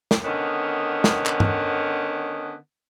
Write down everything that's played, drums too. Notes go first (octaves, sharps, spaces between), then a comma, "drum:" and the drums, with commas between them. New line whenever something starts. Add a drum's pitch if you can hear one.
drum: snare
D3 D#3 B3 C#4
drum: snare
drum: clap
drum: tom G2